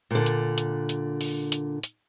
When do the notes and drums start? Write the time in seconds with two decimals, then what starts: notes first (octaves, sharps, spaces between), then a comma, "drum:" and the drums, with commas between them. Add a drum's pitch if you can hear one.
0.11 A#2 D3
0.26 drum: hi-hat
0.58 drum: hi-hat
0.89 drum: hi-hat
1.21 drum: open hi-hat
1.52 drum: hi-hat
1.83 drum: hi-hat